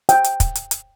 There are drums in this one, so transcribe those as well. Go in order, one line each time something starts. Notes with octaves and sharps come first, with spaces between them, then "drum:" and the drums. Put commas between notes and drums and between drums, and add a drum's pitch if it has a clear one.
G5, drum: hi-hat
drum: hi-hat
drum: kick, hi-hat
drum: hi-hat
drum: hi-hat